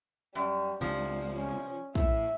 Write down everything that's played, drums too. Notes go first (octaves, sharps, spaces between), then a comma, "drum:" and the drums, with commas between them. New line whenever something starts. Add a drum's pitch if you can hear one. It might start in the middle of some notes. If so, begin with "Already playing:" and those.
F#2 G3
C#2 C3 F3 D4
C#4
A2 E5, drum: kick